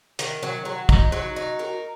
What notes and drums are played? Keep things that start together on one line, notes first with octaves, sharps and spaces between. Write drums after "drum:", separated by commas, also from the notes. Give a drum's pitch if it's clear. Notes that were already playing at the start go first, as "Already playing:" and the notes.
D#3, drum: hi-hat
F#3
F#3
D#4, drum: kick
F#3
D#4
A#4